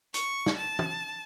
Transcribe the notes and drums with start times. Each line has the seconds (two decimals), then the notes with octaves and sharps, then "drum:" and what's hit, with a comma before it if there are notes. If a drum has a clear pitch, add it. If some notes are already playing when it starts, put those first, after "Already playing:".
0.14 C#6, drum: hi-hat
0.46 drum: snare
0.57 A5
0.79 drum: tom